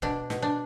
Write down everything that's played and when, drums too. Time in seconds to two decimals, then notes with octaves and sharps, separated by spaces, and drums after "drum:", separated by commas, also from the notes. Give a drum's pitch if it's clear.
0.02 B2 D4, drum: kick C#1
0.30 B2, drum: snare
0.42 D4